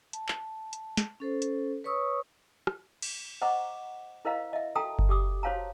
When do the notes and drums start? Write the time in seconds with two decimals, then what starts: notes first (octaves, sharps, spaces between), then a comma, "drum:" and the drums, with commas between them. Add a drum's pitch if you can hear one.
0.13 A5, drum: hi-hat
0.28 drum: clap
0.73 drum: hi-hat
0.97 drum: snare
1.20 C#4 A4 C5
1.42 drum: hi-hat
1.84 B4 C#5 C#6 D#6 E6
2.67 drum: rim click
3.02 drum: cymbal
3.42 C5 D#5 F#5 A#5 C#6 D6
4.25 E4 A#4 C5 D#5 F5 A#5
4.53 D#5 E5
4.76 F#4 A4 G5 A5 A#5 D#6
4.99 drum: kick F#1
5.09 G4 D6 D#6
5.43 F#4 C5 C#5 F5 A5 A#5